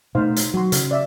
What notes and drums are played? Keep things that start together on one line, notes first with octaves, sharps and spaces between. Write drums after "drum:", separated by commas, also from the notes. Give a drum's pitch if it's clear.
B2 A3 D#4 C5 F5
drum: hi-hat
F#3 F#4 C6
C#3, drum: hi-hat
D5 E5 F5